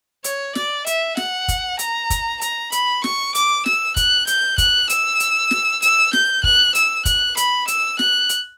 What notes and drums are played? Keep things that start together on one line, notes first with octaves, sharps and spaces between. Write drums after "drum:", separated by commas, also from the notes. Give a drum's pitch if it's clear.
C#5, drum: hi-hat
D5, drum: snare
E5, drum: hi-hat
F#5, drum: snare
drum: kick, hi-hat
A#5, drum: hi-hat
drum: kick, hi-hat
A#5, drum: hi-hat
B5, drum: hi-hat
C#6, drum: snare
D6, drum: hi-hat
E6, drum: snare
F#6, drum: kick, hi-hat
G6, drum: hi-hat
F#6, drum: kick, hi-hat
E6, drum: hi-hat
drum: hi-hat
drum: snare
E6, drum: hi-hat
G6, drum: snare
F#6, drum: kick
E6, drum: hi-hat
F#6, drum: kick, hi-hat
B5, drum: hi-hat
E6, drum: hi-hat
F#6, drum: snare
drum: hi-hat